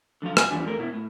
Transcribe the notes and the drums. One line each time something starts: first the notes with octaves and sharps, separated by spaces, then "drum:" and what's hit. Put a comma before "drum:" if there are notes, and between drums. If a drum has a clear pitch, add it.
D3 F3 F#3 F5
G#5, drum: rim click
E3 F3 G3 B3 D4
A3 A#4
B2 E4
A2